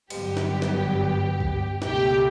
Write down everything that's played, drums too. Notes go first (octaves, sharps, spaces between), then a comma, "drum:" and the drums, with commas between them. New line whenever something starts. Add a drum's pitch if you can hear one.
G1 G2 D3 F#3 B3 G4, drum: cymbal
drum: snare
drum: snare
drum: kick
C#2 B2 A3 G4, drum: snare